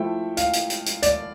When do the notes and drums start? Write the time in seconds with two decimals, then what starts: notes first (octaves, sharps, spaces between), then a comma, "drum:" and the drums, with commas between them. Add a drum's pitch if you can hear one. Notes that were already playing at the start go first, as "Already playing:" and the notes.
Already playing: F3 A3 E4 G5
0.37 F5, drum: hi-hat
0.53 drum: hi-hat
0.70 drum: hi-hat
0.86 drum: hi-hat
1.03 D5, drum: hi-hat